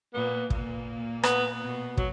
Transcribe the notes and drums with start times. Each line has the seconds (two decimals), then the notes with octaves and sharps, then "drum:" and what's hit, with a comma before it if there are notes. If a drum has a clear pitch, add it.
0.14 A#2 A#3 B3
0.50 A#2 A#3, drum: kick
1.23 B3, drum: rim click
1.61 B2 B3
1.97 F#3, drum: kick